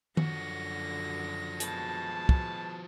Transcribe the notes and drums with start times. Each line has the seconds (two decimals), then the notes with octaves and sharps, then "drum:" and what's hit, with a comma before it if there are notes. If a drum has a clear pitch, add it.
0.17 F#2 D3 F3 F#4 A#6, drum: tom D#3
1.60 B2 G#3 A5, drum: hi-hat
2.29 drum: kick